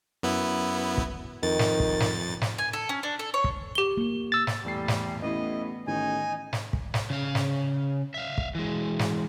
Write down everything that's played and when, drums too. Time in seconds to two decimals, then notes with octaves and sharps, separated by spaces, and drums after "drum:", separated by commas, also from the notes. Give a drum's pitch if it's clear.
0.23 F#2 B3 E4
0.98 drum: kick
1.43 F2 D#3 A6
1.59 drum: snare
1.80 drum: kick
2.00 drum: snare
2.41 drum: snare
2.58 G#5
2.73 A4
2.89 C#4
3.03 D4
3.19 A4
3.34 C#5
3.44 drum: kick
3.75 G4 G7
3.97 A#3
4.32 E6 A6
4.47 drum: snare
4.64 E2 G3 A3 C7
4.88 drum: snare
5.22 A1 E3 A3 B3 E4 D#5
5.87 A1 A2 D#3 D#4 G#5
6.53 drum: snare
6.73 drum: kick
6.94 drum: snare
7.10 C#3 F5
7.35 drum: snare
8.14 E5 F5
8.38 drum: kick
8.55 E3 G#3
8.99 drum: snare